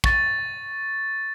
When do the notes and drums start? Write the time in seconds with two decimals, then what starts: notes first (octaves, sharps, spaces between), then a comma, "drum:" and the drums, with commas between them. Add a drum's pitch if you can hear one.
0.04 C#6 A6, drum: kick